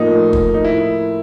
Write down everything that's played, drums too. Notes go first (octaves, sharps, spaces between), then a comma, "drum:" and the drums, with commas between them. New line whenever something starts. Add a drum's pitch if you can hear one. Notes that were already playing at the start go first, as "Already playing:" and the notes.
Already playing: A2 F3 A#3 D#4
drum: kick
D#4
E4